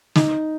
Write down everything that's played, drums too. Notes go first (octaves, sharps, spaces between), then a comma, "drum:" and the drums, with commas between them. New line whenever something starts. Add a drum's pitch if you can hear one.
D#4, drum: snare